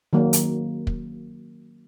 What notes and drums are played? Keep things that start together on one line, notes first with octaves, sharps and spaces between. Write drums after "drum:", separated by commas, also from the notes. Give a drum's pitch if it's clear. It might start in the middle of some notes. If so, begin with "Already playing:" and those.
D#3 F#3 A#3
drum: hi-hat
drum: kick